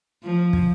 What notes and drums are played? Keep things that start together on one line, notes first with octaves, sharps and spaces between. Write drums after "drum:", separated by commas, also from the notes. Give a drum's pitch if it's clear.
F3
drum: kick